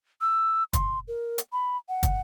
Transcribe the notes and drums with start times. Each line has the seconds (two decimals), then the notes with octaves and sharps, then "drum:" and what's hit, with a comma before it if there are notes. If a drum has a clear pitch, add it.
0.21 E6
0.73 C6, drum: kick, hi-hat
1.08 A#4
1.38 drum: hi-hat
1.53 B5
1.89 F#5
2.03 drum: kick, hi-hat